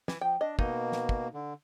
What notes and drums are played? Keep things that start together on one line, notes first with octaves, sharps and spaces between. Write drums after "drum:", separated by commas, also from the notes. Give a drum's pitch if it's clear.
E3, drum: snare
F3 G5
D4 D#5
B2 A#3 D#4, drum: kick
drum: snare
drum: kick
D3